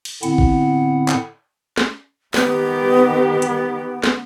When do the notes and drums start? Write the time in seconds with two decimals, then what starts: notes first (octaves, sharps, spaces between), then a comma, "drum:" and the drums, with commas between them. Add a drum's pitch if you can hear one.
0.05 drum: cymbal
0.23 A2 D3 B3 C4 E4 F#5, drum: hi-hat
0.38 drum: kick A1
1.08 drum: clap
1.78 drum: snare
2.34 D#3 B3 G4, drum: snare
3.42 drum: hi-hat
4.04 drum: snare